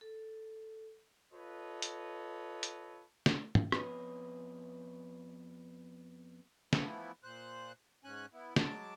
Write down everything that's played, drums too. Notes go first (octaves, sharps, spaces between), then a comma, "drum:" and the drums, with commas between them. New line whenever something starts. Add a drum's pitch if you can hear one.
A4
F4 A4 B4 C#5 D#5
drum: hi-hat
drum: hi-hat
drum: snare
drum: tom
F2 B3 G#4 B4 C#5 D#5, drum: rim click
E3 F3 A3 B3 E4, drum: snare
A#2 C5 F#6
G#2 C#4 G#5 F#6
B3 E4
F#3 G#3 A5 D6, drum: snare